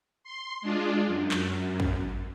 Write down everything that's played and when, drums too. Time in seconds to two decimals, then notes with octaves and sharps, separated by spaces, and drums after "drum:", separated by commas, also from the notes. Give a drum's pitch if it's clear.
0.24 C6
0.62 G#3 D4 F4
1.07 F#2
1.31 drum: clap
1.80 drum: kick